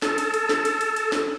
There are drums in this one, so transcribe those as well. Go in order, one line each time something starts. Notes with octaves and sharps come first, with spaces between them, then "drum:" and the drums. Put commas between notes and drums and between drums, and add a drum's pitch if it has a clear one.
A4, drum: snare
drum: cymbal
drum: cymbal
drum: snare
drum: cymbal
drum: cymbal
drum: cymbal
drum: snare